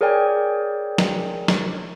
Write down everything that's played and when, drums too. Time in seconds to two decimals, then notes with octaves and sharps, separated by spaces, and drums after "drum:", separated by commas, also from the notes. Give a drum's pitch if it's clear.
0.01 G#4 A#4 C#5 D5 G5 G#5
0.98 drum: snare
1.48 drum: snare